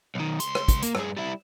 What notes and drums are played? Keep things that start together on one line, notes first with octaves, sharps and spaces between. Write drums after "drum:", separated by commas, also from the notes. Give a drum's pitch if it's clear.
B1 D#3
C#2 C6, drum: hi-hat
drum: rim click
drum: kick, hi-hat
A#3, drum: hi-hat
G2 G#4, drum: rim click
G3 E4